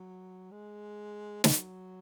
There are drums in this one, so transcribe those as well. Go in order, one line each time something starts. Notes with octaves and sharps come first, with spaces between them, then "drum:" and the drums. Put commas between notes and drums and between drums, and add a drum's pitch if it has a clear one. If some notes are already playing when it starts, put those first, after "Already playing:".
Already playing: F#3
G#3
F#3, drum: snare